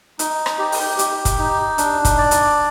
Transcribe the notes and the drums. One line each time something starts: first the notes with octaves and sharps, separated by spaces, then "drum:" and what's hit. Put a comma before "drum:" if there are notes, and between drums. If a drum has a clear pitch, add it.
D#4, drum: hi-hat
drum: rim click
G4
drum: open hi-hat
G4, drum: hi-hat
drum: kick, hi-hat
D#4
D4, drum: hi-hat
drum: kick, hi-hat
D5
drum: hi-hat